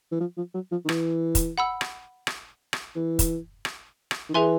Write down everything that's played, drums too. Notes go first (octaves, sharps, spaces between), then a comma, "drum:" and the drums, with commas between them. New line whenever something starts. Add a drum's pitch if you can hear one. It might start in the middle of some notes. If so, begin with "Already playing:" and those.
E3
F3
F3
F#3
F3
D#3
E3, drum: rim click
drum: kick, hi-hat
F#5 B5 E6
drum: rim click
drum: rim click
drum: rim click
E3
drum: kick, hi-hat
drum: rim click
drum: rim click
D#3
E3 G#4 B4 E5 G#5 C6